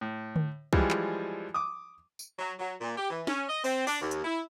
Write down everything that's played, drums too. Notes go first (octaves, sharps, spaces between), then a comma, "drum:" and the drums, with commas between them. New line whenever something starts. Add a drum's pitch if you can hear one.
A2
drum: tom D3
E3 F3 G3 G#3, drum: kick C2
drum: clap
D6 D#6
drum: tambourine
F#3
F#3
A#2
G4
E3
C#4, drum: snare
D#5
C4, drum: open hi-hat
D4, drum: open hi-hat
D#2
drum: hi-hat
E4